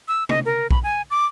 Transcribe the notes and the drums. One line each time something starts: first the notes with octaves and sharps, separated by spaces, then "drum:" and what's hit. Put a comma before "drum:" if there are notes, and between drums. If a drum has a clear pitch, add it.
E6
D#5, drum: tom
A#4
B5, drum: kick
G#5
D6